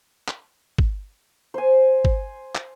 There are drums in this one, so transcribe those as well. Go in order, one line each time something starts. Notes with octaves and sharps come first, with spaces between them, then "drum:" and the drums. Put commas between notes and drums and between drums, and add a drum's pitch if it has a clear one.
drum: clap
drum: kick
C5 G#5
drum: kick
drum: clap